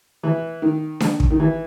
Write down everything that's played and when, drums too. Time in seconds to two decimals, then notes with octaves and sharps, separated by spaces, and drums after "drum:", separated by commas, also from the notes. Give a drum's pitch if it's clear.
0.23 E3
0.62 D#3
1.00 drum: snare D4
1.20 drum: kick
1.31 D#3
1.40 E3